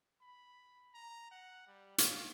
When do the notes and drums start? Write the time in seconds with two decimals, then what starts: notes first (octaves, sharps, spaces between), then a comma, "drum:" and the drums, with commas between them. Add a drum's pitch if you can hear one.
0.21 B5
0.94 A#5
1.31 F#5
1.67 G3
1.98 F5, drum: hi-hat